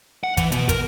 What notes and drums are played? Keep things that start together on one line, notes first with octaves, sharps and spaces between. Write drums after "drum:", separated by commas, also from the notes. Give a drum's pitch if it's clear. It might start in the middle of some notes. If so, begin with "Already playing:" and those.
F#5
E3, drum: kick, hi-hat
B2, drum: hi-hat
A#4, drum: kick, hi-hat